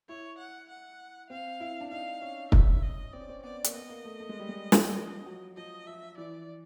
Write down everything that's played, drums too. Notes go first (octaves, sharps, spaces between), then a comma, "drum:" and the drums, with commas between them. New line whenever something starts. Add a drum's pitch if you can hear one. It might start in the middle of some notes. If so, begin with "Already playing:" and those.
E4 C#5
F#5
F#5
C4 F5
E4
D4
D#4 F5
C#4
E5, drum: kick
D#5
C4 D5
C#4
C4
B3 D5
A#3, drum: hi-hat
B3 D#5
A#3
A3
A3
G#3
G3
G#3
drum: snare
F3
F#3
F3 D#5
F3 E5
E3 D5